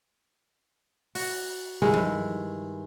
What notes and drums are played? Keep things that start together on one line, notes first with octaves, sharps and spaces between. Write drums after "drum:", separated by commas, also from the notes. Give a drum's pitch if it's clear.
F#4, drum: open hi-hat
G2 D#3 G#3 E4
drum: tom F3